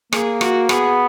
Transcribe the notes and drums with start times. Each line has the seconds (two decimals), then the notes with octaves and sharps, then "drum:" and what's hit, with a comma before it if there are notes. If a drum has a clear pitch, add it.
0.13 A#3 G#4, drum: rim click
0.41 F#4, drum: rim click
0.69 B3 G#4, drum: rim click